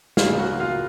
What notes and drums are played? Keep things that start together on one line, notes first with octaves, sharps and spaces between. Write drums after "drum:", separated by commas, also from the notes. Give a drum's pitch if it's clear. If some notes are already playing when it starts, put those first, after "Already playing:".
C#2 C#3 F#3 A#3 F4 F5, drum: snare
F#4 F#5
F4 F5